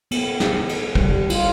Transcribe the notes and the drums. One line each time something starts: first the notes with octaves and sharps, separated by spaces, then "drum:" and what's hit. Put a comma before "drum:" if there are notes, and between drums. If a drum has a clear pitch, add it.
B3, drum: cymbal
drum: snare
drum: cymbal
G3, drum: kick
F4, drum: cymbal